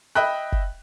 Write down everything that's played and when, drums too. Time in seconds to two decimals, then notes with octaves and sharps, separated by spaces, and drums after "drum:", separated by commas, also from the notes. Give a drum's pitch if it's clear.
0.15 D#5 E5 G5 B5 F#6
0.52 drum: kick F#1